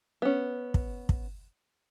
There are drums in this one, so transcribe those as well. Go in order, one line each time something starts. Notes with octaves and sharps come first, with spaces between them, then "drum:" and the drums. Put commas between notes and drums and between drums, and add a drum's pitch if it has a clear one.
B3 C#4
drum: kick
drum: kick